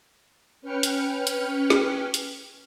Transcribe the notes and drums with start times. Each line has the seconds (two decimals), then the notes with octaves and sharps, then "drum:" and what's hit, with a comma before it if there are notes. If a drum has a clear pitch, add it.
0.61 C#4 B4 G5 F6 C#7
0.83 drum: hi-hat
1.27 drum: hi-hat
1.70 drum: snare
2.14 drum: hi-hat